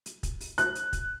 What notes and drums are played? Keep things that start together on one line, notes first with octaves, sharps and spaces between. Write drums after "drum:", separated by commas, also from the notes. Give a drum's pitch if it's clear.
drum: hi-hat
drum: kick, hi-hat
drum: open hi-hat
F#6, drum: hi-hat
drum: hi-hat
drum: kick, hi-hat